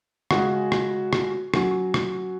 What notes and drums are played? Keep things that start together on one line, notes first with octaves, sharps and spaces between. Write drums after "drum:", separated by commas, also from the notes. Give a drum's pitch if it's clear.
C#3 G#3 C#4 F#4, drum: rim click
drum: rim click
drum: rim click
F#3 C#4 F#4, drum: rim click
drum: rim click